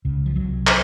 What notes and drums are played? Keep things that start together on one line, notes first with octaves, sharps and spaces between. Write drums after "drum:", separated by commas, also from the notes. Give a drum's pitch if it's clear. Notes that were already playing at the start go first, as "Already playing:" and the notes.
C#2 C#3
F3
C2 C3 F#3
drum: clap